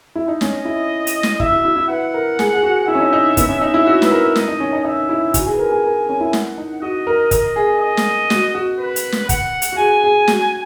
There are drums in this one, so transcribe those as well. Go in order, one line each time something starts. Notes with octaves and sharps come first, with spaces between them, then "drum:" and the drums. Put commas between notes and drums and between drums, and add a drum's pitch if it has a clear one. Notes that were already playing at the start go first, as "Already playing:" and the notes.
E4
D#4
C#4 D#5, drum: snare
E4
drum: hi-hat
drum: snare
E4 E5, drum: kick
E4
F#4
E4
E4
B4 F#5
A#4
G#4, drum: snare
G#4
F#4
E4 E5
C#4
D#4
D#4
B3, drum: kick, hi-hat
C#4
D#4
E4
F#4
B4, drum: snare
A#4
D#5, drum: snare
D#4
C#4
D#4
D#4 E5
E4
F#4 G#5, drum: kick, hi-hat
G#4
B4
A#4
G#4
A#4
C#4
E4
F#5, drum: snare
D#4
F#4 D#5
A#4
A#4 D#5, drum: kick, hi-hat
G#4
D#5
drum: snare
F#4, drum: snare
F#4
B4
drum: hi-hat
drum: snare
F#5, drum: kick, hi-hat
drum: hi-hat
F#4
G#4 G#5
G#4
F#4, drum: snare